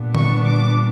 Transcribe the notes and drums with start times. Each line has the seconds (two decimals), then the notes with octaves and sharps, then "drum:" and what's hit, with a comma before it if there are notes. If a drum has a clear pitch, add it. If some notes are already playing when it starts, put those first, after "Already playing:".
Already playing: A#2 G3 B3 D4
0.15 C#6, drum: tom D3
0.45 D6